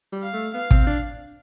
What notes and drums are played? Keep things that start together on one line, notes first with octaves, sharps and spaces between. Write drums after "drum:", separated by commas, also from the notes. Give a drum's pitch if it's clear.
G3
F5
A3
B3 F5
C4, drum: kick
D4